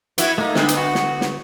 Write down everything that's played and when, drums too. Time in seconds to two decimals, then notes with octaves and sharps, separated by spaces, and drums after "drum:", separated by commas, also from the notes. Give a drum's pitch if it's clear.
0.18 B3 E4 F#4, drum: hi-hat
0.38 A3 A#3 D#4
0.55 D3 B3, drum: snare
0.68 drum: hi-hat
0.77 F#4
0.95 drum: snare
1.21 drum: snare